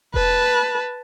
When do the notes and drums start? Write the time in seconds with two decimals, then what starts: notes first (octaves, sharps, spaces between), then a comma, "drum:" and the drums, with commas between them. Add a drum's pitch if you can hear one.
0.14 B4 A5, drum: kick E1